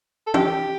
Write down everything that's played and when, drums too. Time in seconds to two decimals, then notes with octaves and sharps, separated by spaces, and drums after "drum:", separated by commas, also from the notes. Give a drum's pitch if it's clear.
0.27 A4
0.34 G4, drum: tom